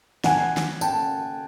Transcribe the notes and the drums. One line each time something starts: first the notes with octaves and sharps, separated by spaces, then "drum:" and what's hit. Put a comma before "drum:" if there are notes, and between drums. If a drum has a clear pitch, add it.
F#5 G#5, drum: snare
drum: snare
G5 A5, drum: tambourine